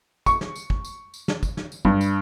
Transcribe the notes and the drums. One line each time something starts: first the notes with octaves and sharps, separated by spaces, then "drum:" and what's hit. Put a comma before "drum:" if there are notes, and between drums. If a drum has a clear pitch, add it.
C#6, drum: kick, tambourine
drum: snare
drum: tambourine
drum: kick
drum: tambourine
drum: tambourine
drum: snare
drum: kick, tambourine
drum: snare
drum: tambourine
G2, drum: kick
drum: tambourine